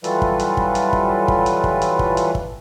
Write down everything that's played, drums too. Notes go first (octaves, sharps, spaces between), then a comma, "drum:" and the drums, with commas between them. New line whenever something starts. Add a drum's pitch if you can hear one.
E3 F#3 G3 F4 A4 B4, drum: hi-hat
drum: kick
drum: hi-hat
drum: kick
drum: hi-hat
drum: kick
drum: kick
drum: hi-hat
drum: kick
drum: hi-hat
drum: kick
drum: hi-hat
drum: kick